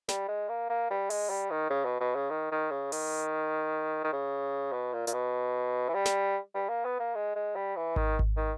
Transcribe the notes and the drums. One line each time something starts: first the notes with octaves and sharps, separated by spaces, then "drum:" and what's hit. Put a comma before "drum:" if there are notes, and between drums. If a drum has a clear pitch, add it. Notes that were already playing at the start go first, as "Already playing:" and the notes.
G3, drum: snare
G#3
A#3
A#3
G3
G#3, drum: open hi-hat
G3
D#3
C#3
B2
B2
C#3
D#3
D#3
C#3
D#3, drum: open hi-hat
D#3
C#3
B2
A#2
A#2, drum: hi-hat
B2
E3
G3
drum: snare
G3
A#3
B3
A#3
G#3
G#3
G3
E3
D#3, drum: kick G#1
drum: kick G#1
D#3